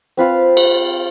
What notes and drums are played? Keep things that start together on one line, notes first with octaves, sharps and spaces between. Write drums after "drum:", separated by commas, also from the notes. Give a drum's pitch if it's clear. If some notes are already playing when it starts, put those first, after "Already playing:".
C4 F4 B4 F5
drum: cymbal